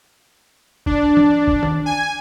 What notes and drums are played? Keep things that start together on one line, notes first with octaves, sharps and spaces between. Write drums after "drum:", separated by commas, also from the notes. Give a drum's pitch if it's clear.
D4, drum: kick
drum: tom E3
drum: kick
drum: tom D#3
G#5